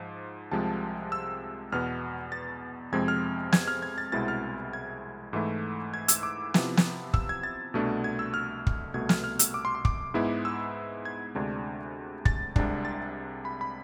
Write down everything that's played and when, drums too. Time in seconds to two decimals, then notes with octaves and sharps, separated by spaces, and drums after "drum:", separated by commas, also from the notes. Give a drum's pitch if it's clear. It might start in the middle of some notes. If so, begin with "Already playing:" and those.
Already playing: G#2 F3
0.51 C2 C3 F3 G#3 A5
1.12 E6
1.72 E2 B2 B3 F6
2.32 A6
2.92 F2 C3 F3 G#3 C4 G#6
3.08 F6
3.52 G#6, drum: snare
3.67 F6
3.82 G#6
3.98 A6
4.12 C2 B2 G#3 C4 E4 A6
4.28 F6
4.73 G#6
5.33 G#2 E3 A3 E4
5.94 G#6
6.08 E6, drum: hi-hat
6.23 D6
6.54 C3 F3 B3 E4, drum: snare
6.77 drum: snare
7.14 E6, drum: kick
7.29 G#6
7.43 A6
7.74 C2 B2 A3 D4
8.04 G#6
8.19 E6
8.34 F6
8.67 drum: kick
8.94 C2 B2 A3 G#6
9.09 F6, drum: snare
9.24 F6
9.39 E6, drum: hi-hat
9.54 D6
9.65 C6
9.75 C6
9.85 D6, drum: kick
10.14 G#2 G#3 B3 E4
10.45 E6
11.05 G#6
11.35 D2 C3 G#3 D4
12.25 A6, drum: kick
12.56 C2 C3 G#3 D4, drum: kick
12.85 A6
13.45 B5
13.61 B5